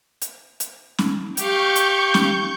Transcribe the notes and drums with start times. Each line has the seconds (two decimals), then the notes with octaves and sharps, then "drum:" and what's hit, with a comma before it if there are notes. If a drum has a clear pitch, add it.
0.21 drum: hi-hat
0.60 drum: hi-hat
0.99 drum: snare C#4
1.37 G4 F5 C#6 G6, drum: hi-hat
1.76 drum: hi-hat
2.14 drum: snare C#4